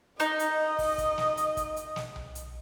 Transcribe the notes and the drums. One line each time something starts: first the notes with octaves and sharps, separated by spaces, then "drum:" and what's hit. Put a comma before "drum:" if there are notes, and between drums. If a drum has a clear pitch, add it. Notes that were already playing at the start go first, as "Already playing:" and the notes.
D#4 D#5, drum: hi-hat
drum: hi-hat
drum: kick, open hi-hat
drum: kick, hi-hat
drum: snare
drum: hi-hat
drum: kick, hi-hat
drum: hi-hat
drum: snare
drum: tom B1
drum: hi-hat